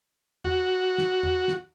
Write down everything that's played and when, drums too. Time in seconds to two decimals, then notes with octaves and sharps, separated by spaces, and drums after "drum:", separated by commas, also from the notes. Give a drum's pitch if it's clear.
0.44 F#4, drum: tom
0.98 drum: snare
1.23 drum: tom
1.48 drum: snare